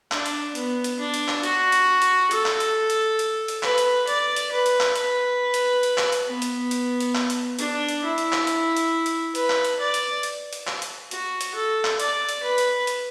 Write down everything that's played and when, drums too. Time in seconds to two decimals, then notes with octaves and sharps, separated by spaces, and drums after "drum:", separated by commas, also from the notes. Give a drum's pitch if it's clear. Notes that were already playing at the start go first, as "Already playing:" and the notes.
0.12 D4, drum: clap
0.26 drum: hi-hat
0.55 B3, drum: hi-hat
0.84 drum: hi-hat
0.99 D4
1.14 drum: hi-hat
1.28 drum: clap
1.43 F#4, drum: hi-hat
1.72 drum: hi-hat
2.02 drum: hi-hat
2.31 A4, drum: hi-hat
2.46 drum: clap
2.60 drum: hi-hat
2.90 drum: hi-hat
3.19 drum: hi-hat
3.48 drum: hi-hat
3.63 B4, drum: clap
3.78 drum: hi-hat
4.07 D5, drum: hi-hat
4.36 drum: hi-hat
4.52 B4
4.66 drum: hi-hat
4.80 drum: clap
4.96 B4, drum: hi-hat
5.54 drum: hi-hat
5.83 drum: hi-hat
5.98 drum: clap
6.12 drum: hi-hat
6.27 B3
6.42 drum: hi-hat
6.71 drum: hi-hat
7.00 drum: hi-hat
7.15 drum: clap
7.30 drum: hi-hat
7.59 D4, drum: hi-hat
7.89 drum: hi-hat
8.03 E4
8.18 drum: hi-hat
8.33 drum: clap
8.47 drum: hi-hat
8.77 drum: hi-hat
9.06 drum: hi-hat
9.35 B4, drum: hi-hat
9.50 drum: clap
9.65 drum: hi-hat
9.80 D5
9.94 drum: hi-hat
10.23 drum: hi-hat
10.53 drum: hi-hat
10.67 drum: clap
10.82 drum: hi-hat
11.11 F#4, drum: hi-hat
11.41 drum: hi-hat
11.55 A4
11.85 drum: clap
12.00 D5, drum: hi-hat
12.29 drum: hi-hat
12.43 B4
12.58 drum: hi-hat
12.87 drum: hi-hat